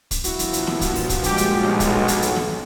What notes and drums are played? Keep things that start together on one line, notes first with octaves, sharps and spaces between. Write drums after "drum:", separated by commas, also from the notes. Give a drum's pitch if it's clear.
drum: kick, hi-hat
G2 A#2 F3 E4 F#4, drum: hi-hat
drum: hi-hat
drum: hi-hat
drum: snare
drum: kick, hi-hat
drum: open hi-hat
drum: kick, hi-hat
G#3 G4, drum: hi-hat
drum: hi-hat
B1
drum: kick, hi-hat
drum: hi-hat
drum: hi-hat
drum: snare